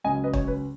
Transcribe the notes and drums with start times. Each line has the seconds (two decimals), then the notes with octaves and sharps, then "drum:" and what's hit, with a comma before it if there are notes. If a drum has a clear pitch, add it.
0.04 C#2 C#3 F#3 C#4 D#5 G#5
0.24 B4 D#5
0.33 C#5, drum: kick
0.48 B4